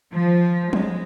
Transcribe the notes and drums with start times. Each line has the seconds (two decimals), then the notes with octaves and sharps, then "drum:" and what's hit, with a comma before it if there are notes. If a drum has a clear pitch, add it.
0.13 F3
0.73 G#3, drum: tom F3